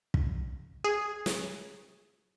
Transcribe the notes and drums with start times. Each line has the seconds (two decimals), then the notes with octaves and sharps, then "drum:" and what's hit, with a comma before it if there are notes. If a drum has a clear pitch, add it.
0.14 drum: kick
0.84 G#4
1.26 drum: snare